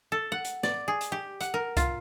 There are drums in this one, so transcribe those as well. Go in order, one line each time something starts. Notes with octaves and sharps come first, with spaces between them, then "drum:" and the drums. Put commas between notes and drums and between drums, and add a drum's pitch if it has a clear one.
A4
F#5
drum: hi-hat
D5, drum: snare
G#4
drum: hi-hat
G4
F#5, drum: hi-hat
A#4
F4, drum: kick C2, hi-hat